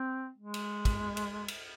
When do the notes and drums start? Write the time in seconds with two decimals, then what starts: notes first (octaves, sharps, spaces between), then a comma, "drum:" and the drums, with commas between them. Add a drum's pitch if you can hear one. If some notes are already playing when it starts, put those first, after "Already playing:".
Already playing: C4
0.38 G#3
0.54 drum: cymbal
0.85 drum: kick, cymbal
1.17 drum: cymbal
1.48 drum: cymbal